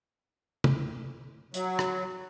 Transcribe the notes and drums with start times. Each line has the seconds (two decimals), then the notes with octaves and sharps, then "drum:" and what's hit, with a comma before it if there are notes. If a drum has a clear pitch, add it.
0.64 drum: tom
1.54 F#3, drum: hi-hat
1.79 drum: rim click